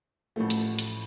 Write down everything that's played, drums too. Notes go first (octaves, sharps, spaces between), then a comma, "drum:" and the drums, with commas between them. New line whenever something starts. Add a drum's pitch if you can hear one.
A1 A2 F3 A3
drum: hi-hat
drum: hi-hat